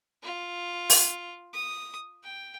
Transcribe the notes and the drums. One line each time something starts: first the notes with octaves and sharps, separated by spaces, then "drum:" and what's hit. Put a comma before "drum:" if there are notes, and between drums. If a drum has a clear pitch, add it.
F4
drum: open hi-hat
D#6
G5